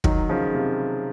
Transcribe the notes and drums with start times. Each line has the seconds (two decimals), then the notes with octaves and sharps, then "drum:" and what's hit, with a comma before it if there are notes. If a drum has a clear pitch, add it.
0.04 D#3 F#3, drum: kick
0.29 C#3 F3
0.54 C3